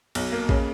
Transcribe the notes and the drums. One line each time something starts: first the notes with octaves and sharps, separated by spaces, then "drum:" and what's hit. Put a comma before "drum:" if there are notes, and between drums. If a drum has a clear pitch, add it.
B1, drum: cymbal
A#3
C#3, drum: kick